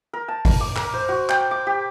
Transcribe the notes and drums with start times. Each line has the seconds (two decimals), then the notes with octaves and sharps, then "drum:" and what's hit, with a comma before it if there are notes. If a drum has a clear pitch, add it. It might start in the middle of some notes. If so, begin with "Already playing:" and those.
0.13 A#4
0.28 A5
0.45 A#4, drum: kick G1, open hi-hat
0.61 D6
0.76 A#4, drum: clap
0.94 C5
1.09 F#4
1.29 G5, drum: clap
1.51 D6
1.67 G4